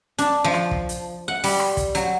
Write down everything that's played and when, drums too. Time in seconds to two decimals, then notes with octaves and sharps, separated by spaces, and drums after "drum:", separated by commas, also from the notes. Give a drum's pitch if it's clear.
0.18 D4, drum: hi-hat
0.44 F3
0.54 drum: rim click
0.71 drum: kick
0.89 drum: hi-hat
1.28 F#5
1.44 G3, drum: open hi-hat
1.59 drum: rim click
1.77 drum: kick, hi-hat
1.95 F#3, drum: hi-hat